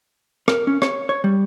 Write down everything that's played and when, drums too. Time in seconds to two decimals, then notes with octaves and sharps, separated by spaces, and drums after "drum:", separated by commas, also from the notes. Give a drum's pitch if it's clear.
0.48 A#4, drum: rim click
0.67 C#4
0.82 C#5, drum: rim click
1.09 C#5
1.24 G3